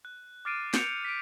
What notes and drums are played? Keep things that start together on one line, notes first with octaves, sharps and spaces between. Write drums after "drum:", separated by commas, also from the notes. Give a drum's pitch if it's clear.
F#6
D6 F6 A6 C7 D7 D#7
G6 C#7 F7, drum: snare
B6 D7